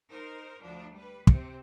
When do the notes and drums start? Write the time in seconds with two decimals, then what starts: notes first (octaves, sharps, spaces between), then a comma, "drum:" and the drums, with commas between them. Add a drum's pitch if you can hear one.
0.10 D#4 A#4 C5
0.62 D2 F3 D4
0.93 G3 B4
1.27 C3 C4, drum: kick